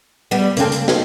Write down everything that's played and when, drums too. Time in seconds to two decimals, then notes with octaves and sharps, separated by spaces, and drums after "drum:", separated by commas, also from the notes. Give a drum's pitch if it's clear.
0.31 G3 B3
0.57 C#3 A#3 C4 C#4 A4, drum: hi-hat
0.72 drum: hi-hat
0.88 D#4, drum: snare